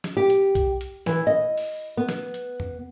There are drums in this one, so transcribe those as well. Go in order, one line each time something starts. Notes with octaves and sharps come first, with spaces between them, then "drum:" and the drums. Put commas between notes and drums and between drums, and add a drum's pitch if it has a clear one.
drum: snare
G4
drum: hi-hat
drum: kick B1, hi-hat
drum: hi-hat
E3, drum: snare
D#5
drum: open hi-hat
B3
drum: snare
drum: hi-hat
drum: tom E2